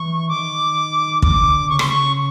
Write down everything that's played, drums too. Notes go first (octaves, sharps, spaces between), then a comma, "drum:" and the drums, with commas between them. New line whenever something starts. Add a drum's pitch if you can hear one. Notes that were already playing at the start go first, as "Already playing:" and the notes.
Already playing: E3 C#6
D#3 D6
D3 D6, drum: kick
C#3 C#6
C6, drum: rim click
C#6
C#3